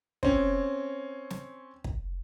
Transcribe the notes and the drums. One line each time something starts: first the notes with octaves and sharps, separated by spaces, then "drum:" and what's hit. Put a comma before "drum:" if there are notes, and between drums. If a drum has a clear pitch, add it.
C4 C#4, drum: kick
drum: snare
drum: kick